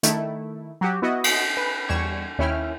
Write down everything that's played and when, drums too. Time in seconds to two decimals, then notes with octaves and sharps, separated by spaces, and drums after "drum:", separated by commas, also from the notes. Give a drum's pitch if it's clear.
0.03 D#3 A3 E4, drum: hi-hat
0.81 F#3 F#4 G4
1.02 B3 E4 F#4 D#5
1.24 drum: cymbal
1.57 B4
1.88 E2 G3 C#6 G#6 E7
2.38 D#2 C#4 E4 G5 F6